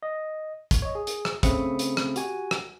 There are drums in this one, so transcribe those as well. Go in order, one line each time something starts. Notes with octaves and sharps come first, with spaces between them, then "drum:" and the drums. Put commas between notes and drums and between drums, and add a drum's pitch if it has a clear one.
D#5
drum: kick, hi-hat
C#5 D#5
G#4
drum: hi-hat
drum: rim click
C#3 A3 C4 B5 D#6 C#7, drum: kick, hi-hat
drum: hi-hat
drum: rim click
F#4 G4 G#5, drum: hi-hat
drum: rim click